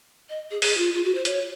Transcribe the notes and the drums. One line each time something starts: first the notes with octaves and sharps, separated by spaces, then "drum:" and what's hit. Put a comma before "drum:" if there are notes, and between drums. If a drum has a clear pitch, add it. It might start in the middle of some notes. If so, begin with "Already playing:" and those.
D#5
G#4
G#4, drum: open hi-hat
F4
F4
F#4
C5
C#5, drum: hi-hat